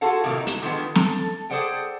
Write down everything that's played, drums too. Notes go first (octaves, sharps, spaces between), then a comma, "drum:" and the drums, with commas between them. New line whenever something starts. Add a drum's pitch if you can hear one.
F4 F#4 G#4 A4 F5 F#5
A2 C3 D#3 F#3 A#3
D#4
drum: hi-hat
D3 D#3 F3 G#3 B3
A4, drum: snare
G#4 A4 C5 D5 F#5 G5